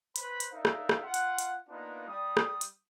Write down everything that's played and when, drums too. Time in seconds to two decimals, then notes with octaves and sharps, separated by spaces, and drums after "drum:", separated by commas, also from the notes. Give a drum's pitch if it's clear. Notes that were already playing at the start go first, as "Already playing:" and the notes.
0.16 B4 C5 B5, drum: hi-hat
0.40 drum: hi-hat
0.52 D4 D#4 A#4 E5 F5
0.65 drum: rim click
0.89 drum: rim click
1.02 F4 F#5
1.14 drum: hi-hat
1.38 drum: hi-hat
1.68 A#3 B3 D4 D#4 F4 A#4
2.07 G3 D#6
2.37 drum: rim click
2.61 drum: hi-hat